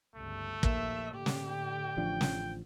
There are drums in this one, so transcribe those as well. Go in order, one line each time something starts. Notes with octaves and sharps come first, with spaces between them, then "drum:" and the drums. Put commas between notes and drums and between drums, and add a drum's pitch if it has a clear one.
G1 C#2 A3
A#1 D#2 A#3 E5, drum: kick
A2 D3 G4
drum: snare
G5
A1 F3 D4
drum: snare